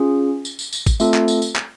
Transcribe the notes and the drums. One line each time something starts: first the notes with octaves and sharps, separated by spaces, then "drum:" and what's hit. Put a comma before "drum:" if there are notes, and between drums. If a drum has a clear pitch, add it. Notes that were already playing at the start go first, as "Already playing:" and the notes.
Already playing: C#4 F4 G#4
drum: tambourine
drum: tambourine
drum: tambourine
drum: kick, tambourine
A3 C4 F4 A4, drum: tambourine
drum: clap
drum: tambourine
drum: tambourine
drum: clap